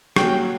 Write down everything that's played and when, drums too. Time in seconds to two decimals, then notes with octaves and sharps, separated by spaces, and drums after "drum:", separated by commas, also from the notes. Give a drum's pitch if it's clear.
0.16 F#3 A#3 C#4 G5, drum: rim click